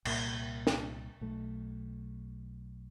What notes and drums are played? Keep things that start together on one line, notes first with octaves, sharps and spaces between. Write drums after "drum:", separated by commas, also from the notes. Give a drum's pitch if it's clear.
C2 A#2 A#3, drum: cymbal
drum: snare
B1 A3